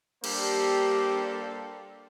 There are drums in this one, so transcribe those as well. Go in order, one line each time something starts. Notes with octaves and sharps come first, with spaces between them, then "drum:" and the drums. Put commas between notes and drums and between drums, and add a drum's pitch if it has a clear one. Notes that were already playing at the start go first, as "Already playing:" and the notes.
G3 A#3 D4 G4 A4 C5, drum: cymbal